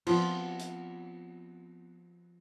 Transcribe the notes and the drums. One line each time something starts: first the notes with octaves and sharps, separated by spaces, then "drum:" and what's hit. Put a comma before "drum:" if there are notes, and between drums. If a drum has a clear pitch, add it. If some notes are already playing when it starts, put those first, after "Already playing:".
F3 B3 C4 F4, drum: cymbal
drum: hi-hat